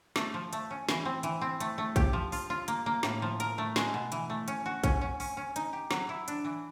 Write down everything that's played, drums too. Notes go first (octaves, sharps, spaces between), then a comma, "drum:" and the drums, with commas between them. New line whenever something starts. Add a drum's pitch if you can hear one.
A3, drum: snare
F3
A3, drum: hi-hat
C#4
E3, drum: snare
C4
E3, drum: hi-hat
C4
A3, drum: hi-hat
A3
G4, drum: kick, hi-hat
F3
F4, drum: open hi-hat
F4
A#3, drum: hi-hat
A#3
A2, drum: snare
F3
A#4, drum: hi-hat
A3
G#3, drum: snare
B2
E3, drum: hi-hat
A3
C#4, drum: hi-hat
F#4
C#4, drum: kick, hi-hat
C#4
C#4, drum: open hi-hat
C#4
D#4, drum: hi-hat
G4
F#3, drum: snare
E4
D4, drum: hi-hat
E3